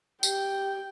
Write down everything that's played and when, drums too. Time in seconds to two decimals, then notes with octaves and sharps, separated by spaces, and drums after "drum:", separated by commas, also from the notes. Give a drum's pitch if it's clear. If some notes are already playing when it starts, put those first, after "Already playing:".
0.23 G4 G5, drum: tambourine